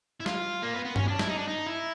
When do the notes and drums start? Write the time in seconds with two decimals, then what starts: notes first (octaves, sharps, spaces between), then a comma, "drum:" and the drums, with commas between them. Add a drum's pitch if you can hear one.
0.20 E4
0.26 F4, drum: snare
0.62 A#3
0.73 B3
0.85 B3
0.96 C#4, drum: tom G2
1.08 D4
1.19 E4, drum: snare
1.29 D#4
1.38 D4
1.48 D#4
1.66 E4